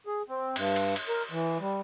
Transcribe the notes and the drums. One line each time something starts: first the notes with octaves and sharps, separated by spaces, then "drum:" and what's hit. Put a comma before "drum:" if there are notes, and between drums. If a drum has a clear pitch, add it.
G#4
C4
G2, drum: cymbal
drum: cymbal
drum: cymbal
A#4
E3
G3